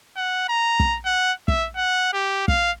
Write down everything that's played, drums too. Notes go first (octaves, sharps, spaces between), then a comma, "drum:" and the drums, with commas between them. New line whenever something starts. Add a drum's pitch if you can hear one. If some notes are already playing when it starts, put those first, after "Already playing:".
F#5
A#5
drum: kick
F#5
E5, drum: kick
F#5
G4
F5, drum: kick